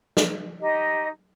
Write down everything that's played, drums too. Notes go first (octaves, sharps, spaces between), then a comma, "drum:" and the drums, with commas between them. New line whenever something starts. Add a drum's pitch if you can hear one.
drum: snare
D#4 G4 D#5